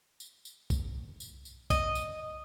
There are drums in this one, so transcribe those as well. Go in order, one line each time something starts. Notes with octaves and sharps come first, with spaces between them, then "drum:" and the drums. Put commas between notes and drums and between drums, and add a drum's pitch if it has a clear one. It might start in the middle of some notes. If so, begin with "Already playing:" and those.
drum: tambourine
drum: tambourine
drum: kick A#1, tambourine
drum: tambourine
drum: tambourine
D#5 D#6, drum: kick A#1, tambourine
drum: tambourine